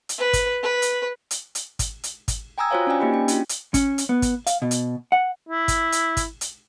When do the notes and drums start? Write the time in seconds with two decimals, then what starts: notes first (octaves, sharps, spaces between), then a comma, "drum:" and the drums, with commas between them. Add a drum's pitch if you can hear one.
0.09 drum: hi-hat
0.18 B4
0.33 drum: kick G#1, hi-hat
0.63 B4
0.82 drum: hi-hat
1.31 drum: hi-hat
1.55 drum: hi-hat
1.79 drum: kick G#1, hi-hat
2.03 drum: hi-hat
2.28 drum: kick G#1, hi-hat
2.58 G5 G#5 A#5 D#6 E6 G#6
2.71 F4 F#4 C5 C#5 F5
2.87 C#4 D4 C5 D5 G5 G#5
3.00 A#3 D#4 G4 D#5 B5
3.13 C#4 G5
3.28 D4 F4 F#4, drum: hi-hat
3.49 drum: hi-hat
3.74 C#4, drum: kick G#1, hi-hat
3.98 drum: hi-hat
4.09 B3
4.22 drum: kick G#1, hi-hat
4.47 F5, drum: hi-hat
4.62 B2
4.71 drum: hi-hat
5.12 F#5
5.49 E4
5.68 drum: kick G#1, hi-hat
5.92 drum: hi-hat
6.17 drum: kick G#1, hi-hat
6.41 drum: hi-hat